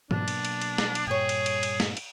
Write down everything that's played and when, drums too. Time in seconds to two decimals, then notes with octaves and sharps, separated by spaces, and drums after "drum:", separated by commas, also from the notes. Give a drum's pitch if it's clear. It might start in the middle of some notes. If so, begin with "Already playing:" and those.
0.11 B2 F#3 A#3 D4, drum: tom G#2
0.28 drum: cymbal
0.45 drum: cymbal
0.61 drum: cymbal
0.78 drum: snare
0.95 drum: cymbal
1.07 G2 A#2 G3 G#4 C#5 G5
1.29 drum: cymbal
1.46 drum: cymbal
1.63 drum: cymbal
1.80 drum: snare
1.97 drum: cymbal